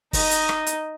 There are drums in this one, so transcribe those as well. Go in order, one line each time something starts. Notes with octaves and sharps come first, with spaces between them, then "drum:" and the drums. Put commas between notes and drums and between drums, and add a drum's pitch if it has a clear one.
D#4 D#5, drum: kick, open hi-hat
drum: hi-hat
drum: rim click
drum: hi-hat